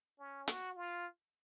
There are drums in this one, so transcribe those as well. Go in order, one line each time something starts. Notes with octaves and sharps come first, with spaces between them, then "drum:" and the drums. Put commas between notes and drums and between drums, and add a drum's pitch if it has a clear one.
C#4
F#4, drum: hi-hat
F4